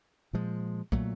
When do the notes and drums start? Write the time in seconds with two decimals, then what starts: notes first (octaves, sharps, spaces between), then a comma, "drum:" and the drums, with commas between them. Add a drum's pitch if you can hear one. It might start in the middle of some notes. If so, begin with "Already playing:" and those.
0.33 A#2 F3 G#3
0.92 A#2 F#3 A3, drum: kick